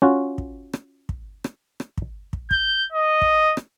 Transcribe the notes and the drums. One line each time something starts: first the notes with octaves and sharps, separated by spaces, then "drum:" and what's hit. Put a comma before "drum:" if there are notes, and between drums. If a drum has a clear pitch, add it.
C#4 F4 F#4
drum: kick
drum: rim click
drum: kick
drum: rim click
drum: rim click
drum: kick
drum: kick
G6, drum: kick
D#5
drum: kick
drum: rim click